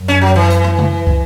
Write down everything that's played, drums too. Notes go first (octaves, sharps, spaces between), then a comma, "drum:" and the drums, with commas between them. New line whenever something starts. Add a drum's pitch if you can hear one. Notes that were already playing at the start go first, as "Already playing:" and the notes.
Already playing: F#2
C#4
F#3
E3
drum: hi-hat
drum: rim click
drum: tom C#3
drum: kick